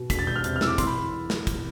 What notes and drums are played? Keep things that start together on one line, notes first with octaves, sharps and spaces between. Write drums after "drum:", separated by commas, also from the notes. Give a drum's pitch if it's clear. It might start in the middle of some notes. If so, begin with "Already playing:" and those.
Already playing: B2
E1 B6, drum: kick, hi-hat
A6
E1 G6
F6
C3 G6, drum: hi-hat
F6
E2 E6, drum: snare
D6
E2 C6, drum: kick, hi-hat
B5
drum: snare
drum: kick, hi-hat